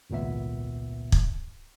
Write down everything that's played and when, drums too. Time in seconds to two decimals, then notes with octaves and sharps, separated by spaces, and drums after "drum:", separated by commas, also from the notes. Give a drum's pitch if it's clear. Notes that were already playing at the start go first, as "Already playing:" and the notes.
0.10 G#1 C#2 A#2 B3 E5
1.12 drum: kick